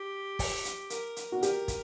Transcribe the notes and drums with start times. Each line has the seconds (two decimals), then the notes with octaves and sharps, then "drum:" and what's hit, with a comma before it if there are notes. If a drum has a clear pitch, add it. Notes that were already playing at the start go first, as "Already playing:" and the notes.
Already playing: G4
0.39 drum: kick, open hi-hat
0.65 drum: hi-hat
0.90 A#4, drum: hi-hat
1.16 drum: hi-hat
1.32 F#4
1.42 G4 A#4, drum: hi-hat
1.68 drum: kick, hi-hat